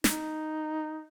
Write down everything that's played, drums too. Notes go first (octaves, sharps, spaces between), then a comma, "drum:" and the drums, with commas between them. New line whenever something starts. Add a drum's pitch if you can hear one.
D#4, drum: snare